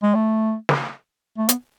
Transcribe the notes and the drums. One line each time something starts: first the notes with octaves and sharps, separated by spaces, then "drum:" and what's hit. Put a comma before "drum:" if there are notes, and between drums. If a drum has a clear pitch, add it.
G#3
A3
drum: snare
A3
B3, drum: hi-hat